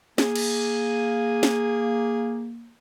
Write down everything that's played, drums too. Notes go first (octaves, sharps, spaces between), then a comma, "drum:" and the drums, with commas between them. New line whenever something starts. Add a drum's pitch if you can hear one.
A#3 G#4, drum: snare
drum: cymbal
drum: snare